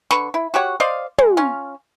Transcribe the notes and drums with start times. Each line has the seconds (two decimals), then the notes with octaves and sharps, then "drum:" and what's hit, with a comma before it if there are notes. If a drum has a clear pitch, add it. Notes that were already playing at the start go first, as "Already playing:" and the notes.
0.11 D3 B4 C#6, drum: snare
0.34 E4
0.54 F#4 G4 C#5 F#5
0.80 C5 D5 D#5 F5
1.18 G#3, drum: tom
1.37 C#4 F4